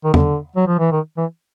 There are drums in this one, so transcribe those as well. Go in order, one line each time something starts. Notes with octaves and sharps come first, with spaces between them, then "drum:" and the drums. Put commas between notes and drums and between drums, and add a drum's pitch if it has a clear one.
D#3
D3, drum: tom
F#3
F3
E3
D#3
E3